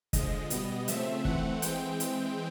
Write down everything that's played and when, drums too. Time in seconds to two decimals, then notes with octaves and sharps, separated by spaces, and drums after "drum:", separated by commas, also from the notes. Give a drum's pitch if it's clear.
0.13 D3 F3 G#3 D#5, drum: kick, hi-hat
0.50 B2 G3 B3, drum: hi-hat
0.88 C#3 F3 A3 C4 E5, drum: hi-hat
1.25 E3 A3 C4 F#5, drum: kick
1.62 E3 G#3 C4 G5, drum: hi-hat
2.00 drum: hi-hat